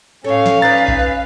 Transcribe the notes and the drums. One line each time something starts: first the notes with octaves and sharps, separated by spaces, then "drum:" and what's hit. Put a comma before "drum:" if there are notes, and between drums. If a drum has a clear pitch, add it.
A2 C#4 A4 C#5 F5
drum: snare
D#4 B4 D5 A6
drum: kick A#1